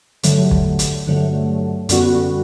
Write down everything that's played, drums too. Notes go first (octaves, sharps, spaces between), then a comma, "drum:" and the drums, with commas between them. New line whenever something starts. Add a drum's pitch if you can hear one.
G2 D3 F#3 A3, drum: hi-hat
drum: kick
drum: hi-hat
G2 D3 F#3 A3
F#2 D3 G3 B3 F#4, drum: hi-hat